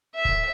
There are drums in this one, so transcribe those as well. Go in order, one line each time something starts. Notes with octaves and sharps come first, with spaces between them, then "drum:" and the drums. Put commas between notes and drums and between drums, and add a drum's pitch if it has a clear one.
E5
drum: kick C#1